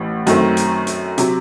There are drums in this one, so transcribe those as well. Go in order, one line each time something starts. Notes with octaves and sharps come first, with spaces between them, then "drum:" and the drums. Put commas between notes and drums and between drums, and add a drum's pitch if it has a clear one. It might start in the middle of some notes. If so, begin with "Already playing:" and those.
Already playing: A1 A2
F#2 D#3 A3 C4, drum: hi-hat
drum: hi-hat
drum: hi-hat
C3 F#3, drum: hi-hat